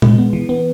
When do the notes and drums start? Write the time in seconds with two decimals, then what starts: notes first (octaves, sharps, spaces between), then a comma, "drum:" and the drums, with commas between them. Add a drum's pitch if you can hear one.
0.02 G#3, drum: tom A#2
0.18 B3
0.33 E3
0.49 B3